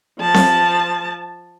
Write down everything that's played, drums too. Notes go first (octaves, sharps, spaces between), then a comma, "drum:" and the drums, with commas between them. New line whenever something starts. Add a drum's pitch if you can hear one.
F3 A5
drum: snare C4